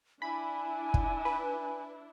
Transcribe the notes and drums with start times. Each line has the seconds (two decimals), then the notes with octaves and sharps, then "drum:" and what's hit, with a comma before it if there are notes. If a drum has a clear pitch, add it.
0.22 D4 E4 G#5 B5
0.94 drum: kick
1.25 B4